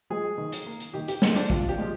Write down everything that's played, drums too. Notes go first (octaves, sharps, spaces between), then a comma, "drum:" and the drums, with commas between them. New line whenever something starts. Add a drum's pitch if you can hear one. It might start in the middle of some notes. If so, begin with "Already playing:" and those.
F3 G#3 G#4
D#3
drum: hi-hat
A#3
drum: hi-hat
D#3 G4
G4, drum: hi-hat
G#3 C4, drum: snare
D4, drum: hi-hat
C3 F4, drum: kick
G4
F3 G#3